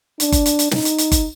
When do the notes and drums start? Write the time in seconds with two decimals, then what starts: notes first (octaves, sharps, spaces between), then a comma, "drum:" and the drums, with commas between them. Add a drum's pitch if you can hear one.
0.20 D4, drum: hi-hat
0.32 drum: kick G1, hi-hat
0.46 drum: hi-hat
0.59 drum: hi-hat
0.71 D#4, drum: snare
0.85 drum: hi-hat
0.98 drum: hi-hat
1.12 drum: kick G1, hi-hat